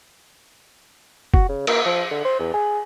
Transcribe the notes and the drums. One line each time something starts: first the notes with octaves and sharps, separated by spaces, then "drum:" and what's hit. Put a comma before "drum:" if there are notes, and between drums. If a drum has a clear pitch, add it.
F#4, drum: kick
C#3
A#3, drum: cymbal
F3
D3
C5
E2
G#4